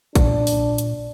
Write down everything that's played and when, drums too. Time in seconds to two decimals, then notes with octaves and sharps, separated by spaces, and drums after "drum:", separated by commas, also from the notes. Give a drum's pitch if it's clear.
0.15 A#2 D4, drum: kick, hi-hat
0.47 drum: open hi-hat
0.78 drum: hi-hat